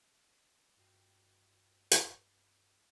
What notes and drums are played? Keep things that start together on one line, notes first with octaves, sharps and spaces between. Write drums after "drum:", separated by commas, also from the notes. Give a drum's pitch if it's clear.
G2 F4 F#4 G5 C7
drum: hi-hat